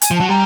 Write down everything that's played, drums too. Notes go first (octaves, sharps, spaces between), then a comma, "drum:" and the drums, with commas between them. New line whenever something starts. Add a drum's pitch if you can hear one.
G#5, drum: hi-hat
F3
F#3 A5
G3 A#5